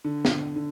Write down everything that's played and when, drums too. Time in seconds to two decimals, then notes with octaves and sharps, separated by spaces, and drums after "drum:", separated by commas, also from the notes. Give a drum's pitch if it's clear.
0.04 D3
0.25 drum: snare
0.56 D3